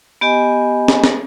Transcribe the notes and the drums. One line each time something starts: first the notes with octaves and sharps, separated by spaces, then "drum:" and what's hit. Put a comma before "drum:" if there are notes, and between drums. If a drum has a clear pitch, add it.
B3 G4 D#5 G#5
drum: snare
drum: snare